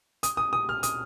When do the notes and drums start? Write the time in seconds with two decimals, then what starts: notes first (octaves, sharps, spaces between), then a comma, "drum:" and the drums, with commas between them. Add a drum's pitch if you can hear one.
0.23 D#6, drum: hi-hat
0.37 D#6
0.53 D#6
0.69 F6
0.83 D#6, drum: hi-hat